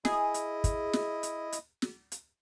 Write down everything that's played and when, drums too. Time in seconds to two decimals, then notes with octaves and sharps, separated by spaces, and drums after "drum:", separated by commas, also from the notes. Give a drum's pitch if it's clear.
0.05 E4 G#4 D#5, drum: snare
0.34 drum: hi-hat
0.64 drum: kick, hi-hat
0.93 drum: snare
1.23 drum: hi-hat
1.52 drum: hi-hat
1.82 drum: snare
2.12 drum: hi-hat